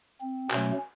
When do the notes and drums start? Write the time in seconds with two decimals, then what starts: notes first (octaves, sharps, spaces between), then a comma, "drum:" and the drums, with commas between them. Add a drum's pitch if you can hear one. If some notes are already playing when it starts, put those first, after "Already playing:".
0.21 C4
0.51 B2 F#3 A3 C#4, drum: clap